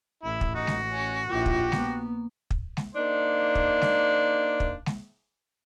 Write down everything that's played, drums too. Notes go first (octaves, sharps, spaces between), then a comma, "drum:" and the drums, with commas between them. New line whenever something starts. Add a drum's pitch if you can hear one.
A1 E4
drum: kick
D#4 F#4
drum: snare
C#4
A#1 E4 F4 G4
drum: kick
A#3 B3, drum: snare
drum: kick
drum: snare
A#3 D4 D#4 C5
drum: kick
drum: snare
drum: kick
drum: snare